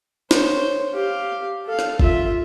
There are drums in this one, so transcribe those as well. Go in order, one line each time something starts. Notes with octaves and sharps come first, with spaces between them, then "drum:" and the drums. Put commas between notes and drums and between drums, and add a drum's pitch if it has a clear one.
C5 C#5, drum: snare
G4 F5
A4 F5
drum: rim click
F4 E5, drum: kick G1